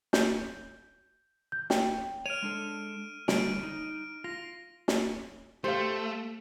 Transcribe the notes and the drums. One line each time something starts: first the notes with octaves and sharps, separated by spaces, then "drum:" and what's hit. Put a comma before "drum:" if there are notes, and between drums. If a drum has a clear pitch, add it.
G6, drum: snare
G6
G5, drum: snare
C#5 F6 D7 D#7
G#3 D4 A4
D3 G3 A3 D7, drum: snare
D#4
F4 A#6
drum: snare
A3 G4 C5 F5